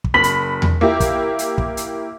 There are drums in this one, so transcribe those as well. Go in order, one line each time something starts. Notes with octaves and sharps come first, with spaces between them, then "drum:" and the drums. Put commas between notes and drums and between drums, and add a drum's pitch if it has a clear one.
drum: kick
F#1 B5 B6 F#7
drum: hi-hat
drum: tom E2
A#3 E4 G4
drum: kick, hi-hat
drum: hi-hat
drum: kick
drum: hi-hat